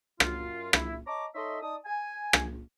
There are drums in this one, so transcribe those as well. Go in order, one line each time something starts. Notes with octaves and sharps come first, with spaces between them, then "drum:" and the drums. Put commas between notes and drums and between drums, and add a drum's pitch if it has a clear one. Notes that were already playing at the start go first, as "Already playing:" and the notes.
F#2 F4, drum: rim click
E4, drum: rim click
C#5 D#5 A5 A#5 D6
D#4 A4 C#5 D#5 E5 C6
D#4 D5 A5 D#6
G#5
drum: rim click